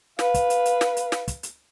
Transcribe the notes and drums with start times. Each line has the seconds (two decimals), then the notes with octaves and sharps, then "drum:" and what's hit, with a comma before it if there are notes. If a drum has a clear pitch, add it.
0.19 B4 F5, drum: snare
0.34 drum: kick, hi-hat
0.50 drum: hi-hat
0.65 drum: hi-hat
0.81 drum: snare
0.97 drum: hi-hat
1.12 drum: snare
1.28 drum: kick, hi-hat
1.43 drum: hi-hat